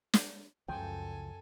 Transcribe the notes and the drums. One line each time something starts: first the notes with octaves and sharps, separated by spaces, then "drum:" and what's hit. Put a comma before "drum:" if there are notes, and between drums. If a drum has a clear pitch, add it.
drum: snare
C#2 F#2 C#3 F3 A4 G5 G#5